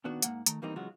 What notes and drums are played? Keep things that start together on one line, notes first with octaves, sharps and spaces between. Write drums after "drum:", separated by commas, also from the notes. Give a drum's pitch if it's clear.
A#2 D#3 B3 D4 F#4
G#2 E3 A#3 F#5, drum: hi-hat
D#3 A3 A#5, drum: hi-hat
E2 E3 G3 A#3 C4 D#4
C#3 E3 F#3 G#3 F4 F#4